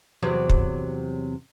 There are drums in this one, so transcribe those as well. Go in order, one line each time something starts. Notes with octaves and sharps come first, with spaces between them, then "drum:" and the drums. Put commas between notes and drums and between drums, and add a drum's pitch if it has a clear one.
E2 C3 F#3
drum: kick